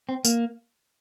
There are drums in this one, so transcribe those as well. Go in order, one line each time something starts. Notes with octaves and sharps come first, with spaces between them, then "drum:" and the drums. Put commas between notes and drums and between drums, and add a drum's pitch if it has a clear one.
C4
A#3, drum: tambourine